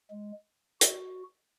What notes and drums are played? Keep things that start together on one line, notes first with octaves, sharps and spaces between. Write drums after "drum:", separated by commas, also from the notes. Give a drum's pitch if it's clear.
G#3
F#4, drum: hi-hat